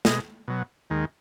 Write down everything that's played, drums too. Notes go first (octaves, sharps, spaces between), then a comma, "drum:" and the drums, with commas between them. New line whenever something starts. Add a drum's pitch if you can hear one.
B2 G#3 D#5, drum: snare
B2 F#3
D#2 D#3 G#3